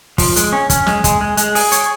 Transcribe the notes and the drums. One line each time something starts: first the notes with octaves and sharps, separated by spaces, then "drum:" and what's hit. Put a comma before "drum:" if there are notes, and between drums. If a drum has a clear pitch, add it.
F3, drum: kick, open hi-hat
G#3, drum: hi-hat
C#4
C#4, drum: kick, hi-hat
G#3, drum: snare
G#3, drum: kick, hi-hat
G#3
G#3, drum: hi-hat
G#4, drum: open hi-hat
C#5, drum: hi-hat